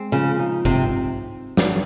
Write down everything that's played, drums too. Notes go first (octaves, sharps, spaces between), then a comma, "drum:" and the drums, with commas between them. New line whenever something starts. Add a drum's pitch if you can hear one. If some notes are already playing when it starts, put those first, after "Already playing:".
Already playing: G#3 C4
C#3 F3
D#4
C3 C4, drum: kick
drum: snare